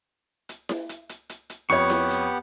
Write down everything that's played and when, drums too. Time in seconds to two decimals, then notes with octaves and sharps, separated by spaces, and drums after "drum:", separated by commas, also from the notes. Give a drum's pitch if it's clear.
0.49 drum: hi-hat
0.69 drum: snare E4
0.89 drum: hi-hat
1.09 drum: hi-hat
1.29 drum: hi-hat
1.50 drum: hi-hat
1.70 F2 B3 G4 C#5 F#5 C#6
1.90 drum: snare E4
2.10 drum: hi-hat